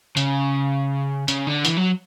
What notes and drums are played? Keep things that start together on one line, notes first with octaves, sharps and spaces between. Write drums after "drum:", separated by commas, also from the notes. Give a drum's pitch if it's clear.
C#3, drum: hi-hat
C#3, drum: hi-hat
D3
E3, drum: hi-hat
F#3